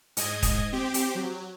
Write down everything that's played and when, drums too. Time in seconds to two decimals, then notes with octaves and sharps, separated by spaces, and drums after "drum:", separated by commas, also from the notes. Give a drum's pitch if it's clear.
0.17 G#2 D#5 G#6, drum: hi-hat
0.42 drum: kick D#1, hi-hat
0.72 C4 G4
0.94 drum: hi-hat
1.15 F#3